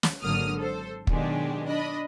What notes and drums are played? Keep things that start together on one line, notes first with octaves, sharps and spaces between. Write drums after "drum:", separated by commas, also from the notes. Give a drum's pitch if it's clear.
drum: snare
G#1 D3 F#3 A#3 D#6 F6
A4 C5
B2 D#3 F#3 G#3 D4 G4, drum: kick
D4 D#5 B5